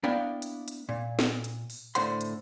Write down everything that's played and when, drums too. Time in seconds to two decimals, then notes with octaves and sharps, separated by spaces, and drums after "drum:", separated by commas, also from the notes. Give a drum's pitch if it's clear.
0.03 A#3 B3 D4 E4 F5 G5
0.42 drum: hi-hat
0.68 drum: hi-hat
0.89 A#2
1.19 drum: snare
1.44 drum: hi-hat
1.70 drum: open hi-hat
1.95 A2 D3 C5 F#5 C6, drum: hi-hat
2.21 drum: hi-hat